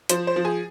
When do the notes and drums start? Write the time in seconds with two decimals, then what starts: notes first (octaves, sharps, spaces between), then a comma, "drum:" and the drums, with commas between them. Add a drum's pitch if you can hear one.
0.09 F3 C5, drum: hi-hat
0.27 C5
0.36 F3
0.45 G#4